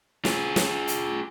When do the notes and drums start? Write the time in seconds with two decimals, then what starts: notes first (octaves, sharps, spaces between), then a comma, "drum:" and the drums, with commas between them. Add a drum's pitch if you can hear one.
0.25 F4 G#4, drum: snare
0.56 drum: snare
0.87 drum: hi-hat